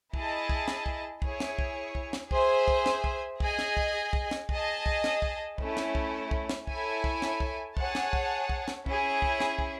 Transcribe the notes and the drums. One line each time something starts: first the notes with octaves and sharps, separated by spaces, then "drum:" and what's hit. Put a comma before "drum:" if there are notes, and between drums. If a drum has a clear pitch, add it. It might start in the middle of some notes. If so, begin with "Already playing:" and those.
E4 G#4 D#5 A5, drum: kick
drum: kick
drum: snare
drum: kick
E4 G#4 C#5, drum: kick
drum: snare
drum: kick
drum: kick
drum: snare
G#4 C5 E5 G#5, drum: kick
drum: kick
drum: snare
drum: kick
G#4 D#5 G#5, drum: kick
drum: snare
drum: kick
drum: kick
drum: snare
G#4 D#5 A5, drum: kick
drum: kick
drum: snare
drum: kick
A3 C#4 E4, drum: kick
drum: snare
drum: kick
drum: kick
drum: snare
E4 A4 C#5 E5 G#5, drum: kick
drum: kick
drum: snare
drum: kick
G#4 C#5 F#5 A5, drum: kick
drum: snare
drum: kick
drum: kick
drum: snare
C#4 E4 G#4, drum: kick
drum: kick
drum: snare
drum: kick